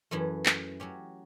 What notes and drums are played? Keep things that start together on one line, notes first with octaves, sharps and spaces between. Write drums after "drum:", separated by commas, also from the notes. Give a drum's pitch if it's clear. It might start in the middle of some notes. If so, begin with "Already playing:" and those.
F#2 E3 A3 C#4
drum: clap
F#3 C#4 G4